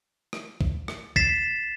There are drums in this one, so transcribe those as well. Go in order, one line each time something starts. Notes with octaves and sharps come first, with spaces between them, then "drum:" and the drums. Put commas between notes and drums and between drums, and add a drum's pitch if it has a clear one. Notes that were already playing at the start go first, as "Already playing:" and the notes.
drum: rim click
drum: kick
drum: rim click
A6 B6 C7 E7, drum: kick